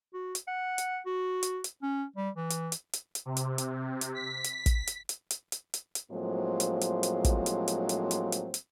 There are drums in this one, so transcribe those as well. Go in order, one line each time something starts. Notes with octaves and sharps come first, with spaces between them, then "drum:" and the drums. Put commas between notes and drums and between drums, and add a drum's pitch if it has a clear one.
F#4
drum: hi-hat
F#5
drum: hi-hat
F#4
drum: hi-hat
drum: hi-hat
C#4
G3
E3
drum: hi-hat
drum: hi-hat
drum: hi-hat
drum: hi-hat
C3
drum: hi-hat
drum: hi-hat
drum: hi-hat
B6
drum: hi-hat
drum: kick, hi-hat
drum: hi-hat
drum: hi-hat
drum: hi-hat
drum: hi-hat
drum: hi-hat
drum: hi-hat
A2 F3 F#3 G#3 A#3 C4
drum: hi-hat
drum: hi-hat
drum: hi-hat
drum: kick, hi-hat
drum: hi-hat
drum: hi-hat
drum: hi-hat
drum: hi-hat
drum: hi-hat
drum: hi-hat